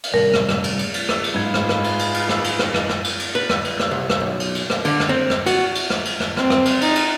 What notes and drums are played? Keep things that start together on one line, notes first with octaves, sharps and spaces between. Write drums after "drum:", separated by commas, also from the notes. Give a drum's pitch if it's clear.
drum: cymbal
C3 G3 A3 A#4
drum: rim click
drum: rim click
drum: cymbal
drum: cymbal
drum: cymbal
drum: rim click
drum: cymbal
G#2 F4 G#4 B4 G#6
drum: rim click
drum: rim click
drum: cymbal
drum: cymbal
drum: cymbal
drum: rim click
drum: cymbal
drum: rim click
drum: rim click
drum: rim click
drum: cymbal
drum: cymbal
B4
drum: rim click
drum: cymbal
drum: rim click
C2
drum: rim click
B1
drum: cymbal
drum: cymbal
drum: rim click
D3, drum: cymbal
drum: rim click
C4
drum: rim click
F#4, drum: cymbal
drum: cymbal
drum: rim click
drum: cymbal
drum: rim click
C4, drum: rim click
drum: rim click
drum: cymbal
D#4, drum: cymbal
drum: cymbal